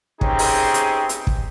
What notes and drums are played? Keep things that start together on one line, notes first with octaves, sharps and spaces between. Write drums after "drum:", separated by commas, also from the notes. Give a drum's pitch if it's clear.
C4 C#4 D#4 G4 G#4 B4, drum: kick
drum: open hi-hat
drum: hi-hat
drum: hi-hat
drum: kick